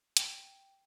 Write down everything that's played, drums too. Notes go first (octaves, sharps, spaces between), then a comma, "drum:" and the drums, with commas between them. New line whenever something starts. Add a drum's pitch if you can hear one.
G5, drum: hi-hat